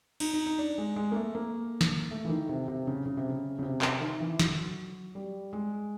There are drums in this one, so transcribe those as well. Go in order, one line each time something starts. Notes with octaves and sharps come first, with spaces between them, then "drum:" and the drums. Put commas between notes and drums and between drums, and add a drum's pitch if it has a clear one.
D#4, drum: cymbal
D#4
D#4
D4
G#3
G#3
A#3
A3
A#3
drum: snare
A3
E3
D#3
C3
C3
C#3
C#3
C3
C#3
C#3
C3
C3, drum: clap
D#3
E3
F#3, drum: snare
G3
G#3